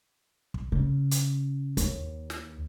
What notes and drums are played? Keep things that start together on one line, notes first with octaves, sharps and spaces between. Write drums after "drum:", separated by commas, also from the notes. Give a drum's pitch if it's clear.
drum: kick
C#3
drum: hi-hat
D#2, drum: hi-hat
drum: snare